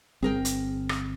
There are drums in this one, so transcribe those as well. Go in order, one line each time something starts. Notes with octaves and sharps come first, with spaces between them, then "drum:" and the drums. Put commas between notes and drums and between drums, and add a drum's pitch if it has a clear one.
G1 C4 G#4 A#4 G5
drum: hi-hat
drum: rim click